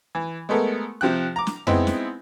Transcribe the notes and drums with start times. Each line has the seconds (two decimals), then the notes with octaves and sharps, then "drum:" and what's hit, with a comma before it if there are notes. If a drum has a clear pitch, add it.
0.15 E3
0.49 G#3 A3 B3 A4 A#4
1.01 C3 F3 G5 F#6
1.36 A#5 D6
1.47 drum: snare
1.67 G#3 B3 C4 D#4 E4, drum: tom F2
1.87 drum: snare